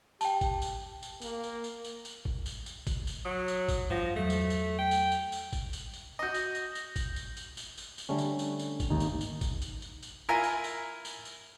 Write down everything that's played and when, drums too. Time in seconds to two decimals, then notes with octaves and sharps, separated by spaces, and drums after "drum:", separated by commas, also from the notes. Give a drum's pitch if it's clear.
0.21 G4 G5 A5, drum: tambourine
0.41 drum: kick G#1, tambourine
0.62 drum: tambourine
1.03 drum: tambourine
1.22 A#3, drum: tambourine
1.44 drum: tambourine
1.64 drum: tambourine
1.84 drum: tambourine
2.05 drum: tambourine
2.25 drum: kick G#1
2.46 drum: tambourine
2.66 drum: tambourine
2.87 drum: kick G#1, tambourine
3.07 drum: tambourine
3.25 F#3 D#6
3.48 drum: tambourine
3.69 drum: kick G#1, tambourine
3.90 G2 F3 F#5 A#6
4.16 E2 F#3 A3
4.30 drum: tambourine
4.50 drum: tambourine
4.78 G5
4.91 drum: tambourine
5.12 drum: tambourine
5.32 drum: tambourine
5.53 drum: kick G#1, tambourine
5.73 drum: tambourine
5.94 drum: tambourine
6.19 F#4 D#5 G6 A#6
6.34 drum: tambourine
6.55 drum: tambourine
6.75 drum: tambourine
6.96 drum: kick G#1, tambourine
7.16 drum: tambourine
7.37 drum: tambourine
7.57 drum: tambourine
7.78 drum: tambourine
7.98 drum: tambourine
8.09 D3 G3 A3 C#4
8.19 drum: tambourine
8.39 drum: tambourine
8.59 drum: tambourine
8.80 drum: kick G#1, tambourine
8.90 G#1 D#2 D#4
9.00 drum: tambourine
9.21 drum: tambourine
9.41 drum: kick G#1, tambourine
9.62 drum: tambourine
9.82 drum: tambourine
10.03 drum: tambourine
10.29 E4 F4 A#4 G#5 A#5
10.43 drum: tambourine
10.64 drum: tambourine
11.05 drum: tambourine
11.25 drum: tambourine